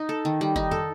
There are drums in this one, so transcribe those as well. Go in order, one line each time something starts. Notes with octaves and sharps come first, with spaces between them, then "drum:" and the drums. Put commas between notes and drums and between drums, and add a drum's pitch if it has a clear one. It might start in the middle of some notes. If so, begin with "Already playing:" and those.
Already playing: D#4
A4
D#3
G3
D#4, drum: kick F#1
A4, drum: tom